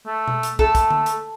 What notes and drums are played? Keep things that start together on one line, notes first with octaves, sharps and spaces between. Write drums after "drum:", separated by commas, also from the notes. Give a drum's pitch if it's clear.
A3
drum: tom B2
drum: hi-hat
A3 A4, drum: kick
drum: kick, hi-hat
drum: tom D3
drum: hi-hat